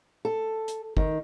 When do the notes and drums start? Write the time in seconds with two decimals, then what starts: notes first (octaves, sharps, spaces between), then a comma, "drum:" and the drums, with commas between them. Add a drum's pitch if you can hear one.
0.25 A4
0.68 drum: hi-hat
0.97 D#3, drum: kick